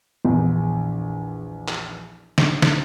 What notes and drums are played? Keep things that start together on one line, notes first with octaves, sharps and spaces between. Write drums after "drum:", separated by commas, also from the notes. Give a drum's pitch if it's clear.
A#1 E2
drum: clap
drum: snare
drum: snare